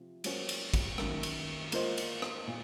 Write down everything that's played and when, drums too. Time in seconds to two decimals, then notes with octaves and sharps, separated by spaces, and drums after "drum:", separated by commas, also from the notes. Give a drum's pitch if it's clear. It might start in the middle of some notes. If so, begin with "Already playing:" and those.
Already playing: C3 F3
0.24 F#3 A#3 C#4 F#4 C5, drum: cymbal
0.49 drum: cymbal
0.74 drum: kick, cymbal
0.98 F#2 D#3 A#3, drum: rim click
1.23 drum: cymbal
1.72 A#3 F4 C5 D#5, drum: cymbal
1.98 drum: cymbal
2.22 drum: rim click
2.47 A#2